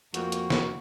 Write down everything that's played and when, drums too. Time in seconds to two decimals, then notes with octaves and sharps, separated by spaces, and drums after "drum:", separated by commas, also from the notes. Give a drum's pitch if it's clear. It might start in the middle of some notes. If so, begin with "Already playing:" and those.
0.14 F2 A#3 F#4, drum: hi-hat
0.32 drum: hi-hat
0.50 drum: snare